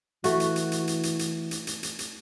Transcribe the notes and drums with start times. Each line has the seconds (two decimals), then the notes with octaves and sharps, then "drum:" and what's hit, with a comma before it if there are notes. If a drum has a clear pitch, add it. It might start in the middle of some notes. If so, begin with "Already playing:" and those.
0.24 E3 A3 F#4, drum: hi-hat
0.40 drum: hi-hat
0.56 drum: hi-hat
0.72 drum: hi-hat
0.87 drum: hi-hat
1.03 drum: hi-hat
1.19 drum: hi-hat
1.51 drum: hi-hat
1.67 drum: hi-hat
1.83 drum: hi-hat
1.99 drum: hi-hat